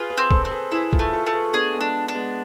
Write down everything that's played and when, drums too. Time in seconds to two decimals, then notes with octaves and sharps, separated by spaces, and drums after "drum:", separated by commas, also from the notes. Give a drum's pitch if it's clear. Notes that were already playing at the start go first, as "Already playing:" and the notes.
Already playing: F4 G#4 B4
0.10 G#4 B4
0.18 C4
0.31 A4 C5, drum: kick
0.44 C4 C5
0.51 G#4 B4
0.72 E4 G#4 B4
0.93 F4 A4, drum: kick
0.99 A3
1.13 F4 A4
1.27 A3
1.34 G#4 B4
1.53 B3 D4 G#4
1.74 G#3 B3
1.81 D4
2.08 D4
2.15 G#3 B3